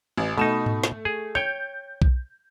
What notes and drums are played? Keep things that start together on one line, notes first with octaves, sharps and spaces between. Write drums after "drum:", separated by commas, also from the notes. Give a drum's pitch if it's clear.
A1
B2 A3 D#4 E7
drum: tom G#2
drum: snare
G#4
C#5 G5 G6
drum: kick B1